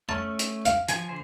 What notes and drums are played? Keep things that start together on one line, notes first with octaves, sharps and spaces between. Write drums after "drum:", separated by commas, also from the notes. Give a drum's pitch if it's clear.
A3 C#4 A5
drum: hi-hat
F5, drum: hi-hat
F3 G#5, drum: hi-hat
D3 C5